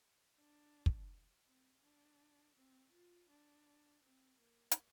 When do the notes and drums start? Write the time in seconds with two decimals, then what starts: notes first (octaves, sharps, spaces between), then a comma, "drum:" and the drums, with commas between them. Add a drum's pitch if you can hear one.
0.37 D4
0.86 drum: kick
1.46 C4
1.82 D4
2.56 C4
2.93 F4
3.29 D4
4.03 C4
4.39 A#3
4.71 drum: hi-hat